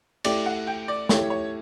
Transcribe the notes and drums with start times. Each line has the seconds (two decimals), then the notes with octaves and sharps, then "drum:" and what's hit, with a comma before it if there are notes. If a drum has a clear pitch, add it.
0.24 A3 E4 G4 D5, drum: cymbal
0.46 F#5
0.67 G5
0.88 D5
1.09 A3 E4 G4 C#5, drum: snare
1.30 C#5